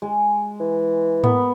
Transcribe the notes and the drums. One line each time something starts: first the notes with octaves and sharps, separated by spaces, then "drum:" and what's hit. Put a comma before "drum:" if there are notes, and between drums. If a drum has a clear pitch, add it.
G#3
E3
B3, drum: tom G#2